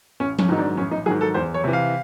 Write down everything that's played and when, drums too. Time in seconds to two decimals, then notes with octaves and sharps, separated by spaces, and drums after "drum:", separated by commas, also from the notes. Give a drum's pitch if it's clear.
0.20 A1 C#4
0.39 C#4, drum: tom F3
0.49 G#2 D#3 F#3 D#4
0.58 D4
0.77 A1 C#4
0.91 D#4
1.06 G#2 D#3 F#3 G#4
1.21 A4
1.34 E2 C5
1.54 C#5
1.64 C3 E3
1.73 F5